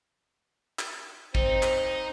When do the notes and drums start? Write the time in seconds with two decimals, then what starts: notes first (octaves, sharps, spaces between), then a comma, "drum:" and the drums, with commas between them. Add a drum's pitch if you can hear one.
0.79 drum: clap
1.35 C4 D#4, drum: kick
1.63 drum: clap